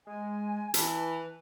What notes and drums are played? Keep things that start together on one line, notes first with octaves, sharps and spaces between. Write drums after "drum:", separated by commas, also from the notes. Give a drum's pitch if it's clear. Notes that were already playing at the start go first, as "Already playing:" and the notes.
G#3 G#5
E3 B4 A5, drum: hi-hat